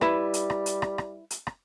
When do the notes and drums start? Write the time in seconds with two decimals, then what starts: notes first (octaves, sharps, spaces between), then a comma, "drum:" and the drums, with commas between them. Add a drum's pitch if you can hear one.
0.01 G3 E4 B4, drum: rim click
0.34 drum: hi-hat
0.50 drum: rim click
0.66 drum: hi-hat
0.82 drum: rim click
0.98 drum: rim click
1.30 drum: hi-hat
1.47 drum: rim click